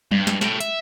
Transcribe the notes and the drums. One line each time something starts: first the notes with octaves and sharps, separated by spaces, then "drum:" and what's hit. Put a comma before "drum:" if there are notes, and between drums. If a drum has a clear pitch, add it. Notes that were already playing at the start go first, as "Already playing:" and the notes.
G2, drum: tom F#3
drum: snare
A3 G5, drum: snare
E5, drum: hi-hat